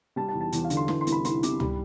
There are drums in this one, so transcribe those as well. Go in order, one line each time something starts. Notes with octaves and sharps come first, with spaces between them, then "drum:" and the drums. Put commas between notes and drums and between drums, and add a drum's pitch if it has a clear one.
G3 A5
A5
E2
A5
E2, drum: hi-hat
F5
D3, drum: hi-hat
C6
E3 C6, drum: snare
C6
C2, drum: hi-hat
B5
C2 C6, drum: hi-hat
C3 D6, drum: hi-hat
G3 B5, drum: tom C#2